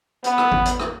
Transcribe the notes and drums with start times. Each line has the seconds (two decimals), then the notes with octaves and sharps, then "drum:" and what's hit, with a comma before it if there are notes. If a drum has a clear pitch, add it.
0.24 B3, drum: hi-hat
0.38 drum: rim click
0.52 drum: kick G#1
0.65 drum: hi-hat
0.79 drum: rim click